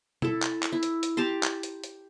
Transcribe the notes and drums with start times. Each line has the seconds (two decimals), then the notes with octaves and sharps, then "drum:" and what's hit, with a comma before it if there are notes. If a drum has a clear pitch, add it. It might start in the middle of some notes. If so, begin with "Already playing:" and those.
0.22 E4 A4, drum: tom B2
0.42 drum: clap
0.63 drum: clap
0.72 E4
0.83 drum: hi-hat
1.03 drum: hi-hat
1.17 G4 A5 A#5 C6
1.43 drum: clap
1.63 drum: hi-hat
1.84 drum: hi-hat